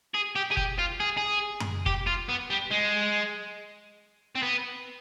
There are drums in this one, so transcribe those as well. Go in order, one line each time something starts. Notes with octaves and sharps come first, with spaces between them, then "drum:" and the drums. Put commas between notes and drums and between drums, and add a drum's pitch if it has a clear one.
G#4
G4
G#4
G4, drum: kick F#1
F4
G#4
G#4
drum: tom F#2
G4, drum: kick F#1
F4
B3
G3
G#3
C4
B3